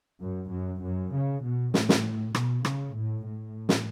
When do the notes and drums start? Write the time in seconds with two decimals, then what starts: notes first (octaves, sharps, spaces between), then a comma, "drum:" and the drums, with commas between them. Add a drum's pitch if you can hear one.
0.20 F#2
0.51 F#2
0.82 F#2
1.13 C#3
1.42 B2
1.74 A2, drum: snare
1.89 drum: snare
2.35 B2, drum: rim click
2.65 C#3, drum: rim click
2.95 A2
3.26 A2
3.69 drum: snare